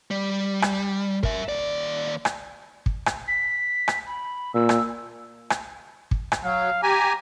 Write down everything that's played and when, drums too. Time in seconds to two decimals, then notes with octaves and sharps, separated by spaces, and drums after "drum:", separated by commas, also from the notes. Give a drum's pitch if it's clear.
0.11 G3
0.62 drum: rim click
1.23 A#4 E5, drum: kick
1.49 D#2 D5
2.25 drum: rim click
2.86 drum: kick
3.06 drum: rim click
3.28 B6
3.88 drum: rim click
4.07 B5
4.55 A#2 E6
4.69 drum: rim click
5.50 drum: rim click
6.11 drum: kick
6.32 drum: rim click
6.44 F#3 F5
6.83 G4 G#5 A#5